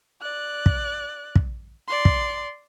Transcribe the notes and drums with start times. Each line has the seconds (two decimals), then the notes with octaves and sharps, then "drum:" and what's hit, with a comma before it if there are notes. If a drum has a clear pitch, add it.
0.22 D5 F#6
0.66 drum: kick
1.35 drum: kick
1.88 D5 C6
2.05 drum: kick